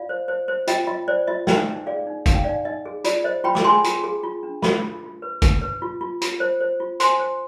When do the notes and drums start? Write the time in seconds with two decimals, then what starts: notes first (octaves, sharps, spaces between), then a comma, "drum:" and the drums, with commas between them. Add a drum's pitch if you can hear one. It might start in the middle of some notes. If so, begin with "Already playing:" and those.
Already playing: F4 D5 F5
0.09 C5
0.28 C5
0.48 C5
0.67 F4 D#5 G5, drum: hi-hat
0.87 F4 D#5
1.08 C5 D5
1.27 F4 D#5
1.47 D#4 D#5 G5, drum: snare
1.67 D#4
1.86 G#4 D5 F5
2.07 D#4
2.26 D#4 F5, drum: kick, hi-hat
2.34 G5
2.44 D#4 D5 F5
2.65 D#4 D#5
2.86 G#4
3.04 F4 D5, drum: hi-hat
3.24 C5 D#5
3.44 F4 G5 B5
3.55 D6, drum: snare
3.64 G#4 G#5 C6
3.84 F4, drum: hi-hat
4.04 G#4
4.23 F4
4.43 D4
4.62 F4 B5 D6, drum: snare
4.83 F4
5.03 F4
5.22 B4
5.42 B4, drum: kick, hi-hat
5.62 B4
5.82 F4
6.01 F4
6.22 F4, drum: hi-hat
6.40 C5
6.60 C5
6.80 F4
7.00 C5 G#5 C6, drum: hi-hat
7.19 C5